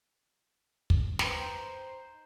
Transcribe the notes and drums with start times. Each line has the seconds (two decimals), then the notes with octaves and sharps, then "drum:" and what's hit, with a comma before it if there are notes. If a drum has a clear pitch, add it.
0.90 drum: kick
1.19 D#4 B4 C5 G5 C6, drum: snare